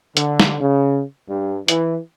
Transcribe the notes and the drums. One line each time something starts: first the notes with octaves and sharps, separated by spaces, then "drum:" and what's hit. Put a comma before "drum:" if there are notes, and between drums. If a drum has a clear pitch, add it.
D3, drum: hi-hat
drum: snare
C#3
G2
E3, drum: hi-hat